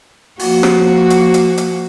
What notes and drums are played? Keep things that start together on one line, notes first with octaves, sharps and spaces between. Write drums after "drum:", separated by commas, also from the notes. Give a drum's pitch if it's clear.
F3 A#3 F#4, drum: open hi-hat
drum: rim click
drum: hi-hat
drum: hi-hat
drum: hi-hat